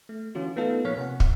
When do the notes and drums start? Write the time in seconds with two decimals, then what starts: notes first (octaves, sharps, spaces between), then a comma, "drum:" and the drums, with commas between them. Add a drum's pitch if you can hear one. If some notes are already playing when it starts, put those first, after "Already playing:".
0.09 A3
0.35 D3 E3 C#4 F4 F#4
0.56 A3 B3 D#4 F4 A4
0.84 A#2 F3 A#3 C#5 F6 B6
0.97 C3 F#5
1.20 drum: kick